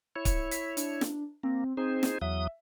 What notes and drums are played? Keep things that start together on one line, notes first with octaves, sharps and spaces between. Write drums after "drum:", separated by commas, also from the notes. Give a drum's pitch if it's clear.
E4 C#5
drum: kick C#1, hi-hat
B6, drum: hi-hat
D4, drum: hi-hat
drum: snare
A#3 C4
C4 D#4 G#4 C5
drum: snare
E2 F#3 E5 D#6